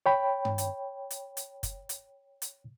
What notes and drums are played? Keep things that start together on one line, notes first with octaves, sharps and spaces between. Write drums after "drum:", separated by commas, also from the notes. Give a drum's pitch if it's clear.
C#5 G5 B5
drum: tom G2
drum: hi-hat
drum: hi-hat
drum: hi-hat
drum: kick, hi-hat
drum: hi-hat
drum: hi-hat